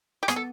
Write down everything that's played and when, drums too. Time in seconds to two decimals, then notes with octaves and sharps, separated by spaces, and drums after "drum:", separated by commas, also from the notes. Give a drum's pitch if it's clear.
0.23 G4
0.28 B3 G#4, drum: rim click
0.36 A4